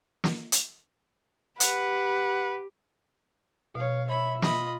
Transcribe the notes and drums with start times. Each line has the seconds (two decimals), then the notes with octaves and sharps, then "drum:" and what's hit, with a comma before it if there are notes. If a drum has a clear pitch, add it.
0.24 drum: snare
0.52 drum: hi-hat
1.60 G4 B4 F#5, drum: hi-hat
3.75 B2 C#5 F5
4.09 C#5 E5 B5
4.42 F4 D#5 B5, drum: snare